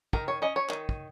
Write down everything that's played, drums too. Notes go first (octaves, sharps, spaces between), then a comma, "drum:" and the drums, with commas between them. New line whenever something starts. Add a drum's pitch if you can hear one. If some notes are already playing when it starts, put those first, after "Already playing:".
D#3 A#4, drum: kick
C#5
C#4 D#5
C#5
D#3, drum: clap
drum: kick